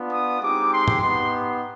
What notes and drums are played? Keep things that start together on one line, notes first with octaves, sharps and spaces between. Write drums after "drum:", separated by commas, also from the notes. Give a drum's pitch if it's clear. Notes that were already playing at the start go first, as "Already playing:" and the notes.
Already playing: B3 D4 F4
D#6
G#3 C4 D#4 G4 D6
C6
drum: tom G#2
B3 D#4 G4 C6